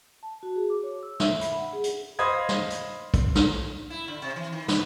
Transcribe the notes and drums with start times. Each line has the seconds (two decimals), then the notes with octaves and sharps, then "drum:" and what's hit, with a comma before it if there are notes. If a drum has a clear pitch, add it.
0.23 A5
0.43 F#4
0.56 G#4
0.70 D6
0.83 C#5
1.03 E6
1.20 E5, drum: snare
1.41 B5, drum: hi-hat
1.55 F#5
1.73 G#4
1.84 drum: hi-hat
2.19 C5 D#5 F5 B5 D#6 G#6
2.49 drum: snare
2.70 drum: hi-hat
3.14 drum: kick, hi-hat
3.35 drum: snare
3.90 E4
4.08 D3
4.22 C3
4.36 E3
4.52 D#3
4.68 B4, drum: snare